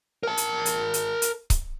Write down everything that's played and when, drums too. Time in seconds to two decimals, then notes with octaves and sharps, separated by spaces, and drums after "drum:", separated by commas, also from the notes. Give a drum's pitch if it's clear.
0.23 A#4 A5
0.37 drum: hi-hat
0.66 drum: hi-hat
0.94 drum: hi-hat
1.22 drum: hi-hat
1.50 drum: kick C#1, hi-hat